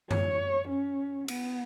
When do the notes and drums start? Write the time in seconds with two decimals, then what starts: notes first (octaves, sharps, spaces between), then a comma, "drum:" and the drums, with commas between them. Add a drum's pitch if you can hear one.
0.11 C#5, drum: tom F#2
0.69 C#4
1.28 B3, drum: cymbal